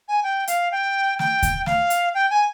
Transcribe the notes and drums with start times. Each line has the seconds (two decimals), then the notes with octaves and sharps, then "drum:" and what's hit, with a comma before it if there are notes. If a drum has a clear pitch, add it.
0.08 G#5
0.23 G5
0.48 F5, drum: hi-hat
0.72 G5
1.19 G5, drum: snare
1.43 drum: kick D2, hi-hat
1.66 F5, drum: snare
1.90 drum: hi-hat
2.14 G5
2.30 G#5